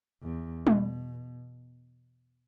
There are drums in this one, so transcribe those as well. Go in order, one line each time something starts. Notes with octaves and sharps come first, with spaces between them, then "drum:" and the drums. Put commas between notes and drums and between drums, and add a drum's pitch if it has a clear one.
E2
B2, drum: tom G3